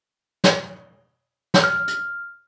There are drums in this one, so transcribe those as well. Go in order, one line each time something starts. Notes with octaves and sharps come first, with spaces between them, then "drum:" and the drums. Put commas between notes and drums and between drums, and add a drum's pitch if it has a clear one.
drum: snare
drum: snare
F6
drum: hi-hat